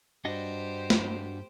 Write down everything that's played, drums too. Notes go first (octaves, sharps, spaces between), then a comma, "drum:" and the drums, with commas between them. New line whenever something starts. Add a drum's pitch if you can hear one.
G2 D4 F#4 G4 C5 D#5
drum: snare